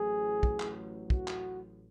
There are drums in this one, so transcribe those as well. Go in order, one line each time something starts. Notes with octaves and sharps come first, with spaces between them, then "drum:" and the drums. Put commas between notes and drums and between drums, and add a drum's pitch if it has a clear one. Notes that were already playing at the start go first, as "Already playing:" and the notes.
Already playing: A1 A2 F#3 G#4
drum: kick
drum: clap
F#4, drum: kick
drum: clap